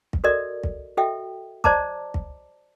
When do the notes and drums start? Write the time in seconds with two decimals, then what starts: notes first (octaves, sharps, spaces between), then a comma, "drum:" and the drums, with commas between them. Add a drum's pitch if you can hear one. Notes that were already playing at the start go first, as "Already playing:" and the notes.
0.13 drum: kick
0.24 F#4 A4 A#4 D5 D#5
0.63 drum: kick
0.97 F#4 A4 D#5 E5 G5
1.64 C5 D5 D#5 A5 A#5 D6, drum: kick
2.14 drum: kick